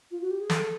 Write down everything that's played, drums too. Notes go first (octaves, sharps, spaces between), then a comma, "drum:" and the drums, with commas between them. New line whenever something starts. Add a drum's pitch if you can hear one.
F4
F#4
G4
G#4
A4, drum: snare